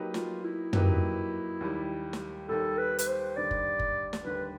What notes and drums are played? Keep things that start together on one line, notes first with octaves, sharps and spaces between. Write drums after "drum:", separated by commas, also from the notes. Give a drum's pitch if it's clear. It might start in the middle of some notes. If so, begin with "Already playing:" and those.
Already playing: F#3 A#3 D#4 G4 B4
F4, drum: snare
E4
F#3 A#3 D#4 G4 B4, drum: tom
D#2 D#3 G3
drum: snare
D#2 D#3 G3 A4
B4
B4, drum: hi-hat
C5
D#2 D3 G3 D5
drum: kick
drum: kick
drum: snare
D#2 D3 G3 B4